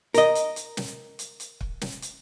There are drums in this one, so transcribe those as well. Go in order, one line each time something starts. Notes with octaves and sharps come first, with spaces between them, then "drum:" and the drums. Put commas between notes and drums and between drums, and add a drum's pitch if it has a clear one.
A#4 D#5, drum: hi-hat
drum: hi-hat
drum: hi-hat
drum: snare
drum: hi-hat
drum: hi-hat
drum: kick
drum: snare
drum: hi-hat